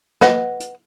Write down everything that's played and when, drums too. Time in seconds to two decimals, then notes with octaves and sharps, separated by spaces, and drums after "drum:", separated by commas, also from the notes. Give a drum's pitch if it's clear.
0.21 B4 D#5 F#5, drum: snare
0.60 drum: hi-hat